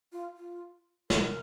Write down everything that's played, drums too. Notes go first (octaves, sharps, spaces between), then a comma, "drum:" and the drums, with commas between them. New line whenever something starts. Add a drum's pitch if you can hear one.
F4
F4
A#4, drum: snare